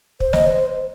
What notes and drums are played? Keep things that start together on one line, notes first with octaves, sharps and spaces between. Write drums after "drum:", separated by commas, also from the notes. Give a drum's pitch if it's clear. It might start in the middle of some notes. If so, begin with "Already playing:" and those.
C5, drum: kick
D#5, drum: snare
C5